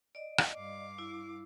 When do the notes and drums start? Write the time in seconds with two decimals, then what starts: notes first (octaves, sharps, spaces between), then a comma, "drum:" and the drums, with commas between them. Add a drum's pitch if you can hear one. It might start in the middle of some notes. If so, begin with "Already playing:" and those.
0.15 D5 D#5
0.38 drum: rim click
0.54 G2 F5 D6
0.98 E4